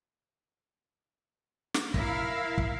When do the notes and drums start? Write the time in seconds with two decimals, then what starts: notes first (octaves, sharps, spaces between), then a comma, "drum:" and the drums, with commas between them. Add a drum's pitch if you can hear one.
1.74 drum: snare
1.94 E4 A#4 E5 F5, drum: kick
2.58 drum: kick